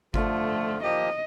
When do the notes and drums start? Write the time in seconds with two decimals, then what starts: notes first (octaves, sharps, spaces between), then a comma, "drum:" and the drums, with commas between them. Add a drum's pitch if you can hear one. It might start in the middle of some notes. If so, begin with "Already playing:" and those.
0.14 D3 F3 A3 F4, drum: kick G1
0.83 F3 A#3 G4 D#5